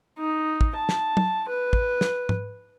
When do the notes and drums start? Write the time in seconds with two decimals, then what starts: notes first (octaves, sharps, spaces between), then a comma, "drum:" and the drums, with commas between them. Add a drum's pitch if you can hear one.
0.19 D#4
0.61 drum: kick
0.76 A5
0.89 drum: snare
1.17 drum: tom
1.49 B4
1.73 drum: kick
2.01 drum: snare
2.29 drum: tom G#2